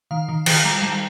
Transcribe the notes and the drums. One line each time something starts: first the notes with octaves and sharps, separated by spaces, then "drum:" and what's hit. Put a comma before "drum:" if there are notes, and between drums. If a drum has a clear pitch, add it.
D#3 F5
D#3
D#3 G5, drum: cymbal
A5
G3 A#5
G3